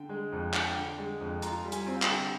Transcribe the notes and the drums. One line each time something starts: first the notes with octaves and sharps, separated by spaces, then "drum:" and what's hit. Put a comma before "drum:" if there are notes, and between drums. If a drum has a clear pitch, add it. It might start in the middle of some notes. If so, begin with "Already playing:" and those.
Already playing: D3 G5
G#3
F2
D4 G5, drum: clap
D3
G#3
F2
F4 A#5, drum: hi-hat
G3
G#5, drum: hi-hat
C4
F5
G5, drum: clap
D3